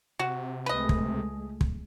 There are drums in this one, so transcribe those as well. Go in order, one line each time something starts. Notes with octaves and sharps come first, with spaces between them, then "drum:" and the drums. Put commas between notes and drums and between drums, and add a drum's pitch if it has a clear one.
C3 F#4
C#2 G#3 A3 B4 D#5
drum: kick
drum: kick